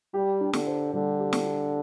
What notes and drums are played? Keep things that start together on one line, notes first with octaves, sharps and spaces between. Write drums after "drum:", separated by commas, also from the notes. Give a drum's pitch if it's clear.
G3 G4
D4
D3, drum: snare
C5
D3 G3
G4
drum: snare
D4